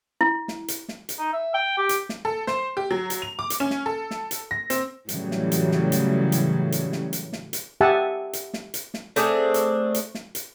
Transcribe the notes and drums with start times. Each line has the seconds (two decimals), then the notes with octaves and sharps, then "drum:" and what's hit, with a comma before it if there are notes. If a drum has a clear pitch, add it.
0.21 E4
0.48 drum: snare
0.68 drum: hi-hat
0.89 drum: snare
1.09 drum: hi-hat
1.19 D#4
1.33 E5
1.54 G5
1.77 G4
1.89 drum: hi-hat
2.09 drum: snare
2.25 A4
2.47 C5, drum: snare
2.77 G4
2.91 F#3
3.10 drum: hi-hat
3.22 F7
3.39 D6
3.50 drum: hi-hat
3.60 C#4
3.70 drum: snare
3.86 A4
4.11 drum: snare
4.31 drum: hi-hat
4.51 A#6
4.70 C4, drum: hi-hat
5.09 A2 C#3 E3 F#3 G3, drum: hi-hat
5.31 drum: snare
5.52 drum: hi-hat
5.72 drum: snare
5.92 drum: hi-hat
6.32 drum: hi-hat
6.72 drum: hi-hat
6.92 drum: snare
7.13 drum: hi-hat
7.33 drum: snare
7.53 drum: hi-hat
7.81 G4 E5 F#5 G#5 A5
8.33 drum: hi-hat
8.54 drum: snare
8.74 drum: hi-hat
8.94 drum: snare
9.16 A3 C4 D4 G#4, drum: hi-hat
9.54 drum: hi-hat
9.94 drum: hi-hat
10.15 drum: snare
10.35 drum: hi-hat